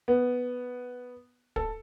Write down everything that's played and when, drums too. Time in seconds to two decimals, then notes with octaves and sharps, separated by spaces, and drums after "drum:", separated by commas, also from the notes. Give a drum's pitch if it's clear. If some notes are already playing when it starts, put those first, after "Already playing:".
0.08 B3
1.56 A4, drum: kick